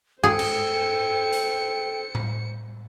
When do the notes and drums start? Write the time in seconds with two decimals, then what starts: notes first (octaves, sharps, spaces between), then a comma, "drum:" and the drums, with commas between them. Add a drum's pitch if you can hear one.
0.24 G#4 A4 C5 G5 C#7, drum: tom G2
0.39 drum: cymbal
1.33 drum: hi-hat
2.15 drum: tom A2